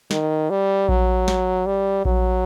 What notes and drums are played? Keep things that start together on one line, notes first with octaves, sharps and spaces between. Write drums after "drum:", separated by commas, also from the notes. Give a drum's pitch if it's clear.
D#3, drum: snare
G3
F#3, drum: kick A#1
drum: snare
G3
F#3, drum: kick A#1